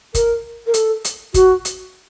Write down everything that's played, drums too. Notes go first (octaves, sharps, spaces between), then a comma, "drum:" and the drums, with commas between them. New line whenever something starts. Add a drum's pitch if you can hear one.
A#4, drum: kick, hi-hat
A#4
A4, drum: hi-hat
drum: hi-hat
F#4, drum: kick, hi-hat
drum: hi-hat